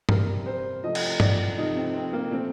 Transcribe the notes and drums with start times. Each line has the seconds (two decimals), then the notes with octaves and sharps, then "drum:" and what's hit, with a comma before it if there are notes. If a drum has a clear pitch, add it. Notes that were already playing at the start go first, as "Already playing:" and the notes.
0.09 C3 G3 A#4, drum: tom G2
0.46 C5
0.83 C3 F3 A3 D#5
0.95 drum: cymbal
1.20 D5, drum: tom G2
1.57 C3 F3 A3 D#4
1.75 C4
1.94 C4
2.13 A#3
2.31 A#2 F3 A3 C4